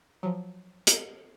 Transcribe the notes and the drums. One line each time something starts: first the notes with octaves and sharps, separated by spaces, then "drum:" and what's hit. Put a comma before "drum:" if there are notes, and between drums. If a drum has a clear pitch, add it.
F3 F#3
drum: hi-hat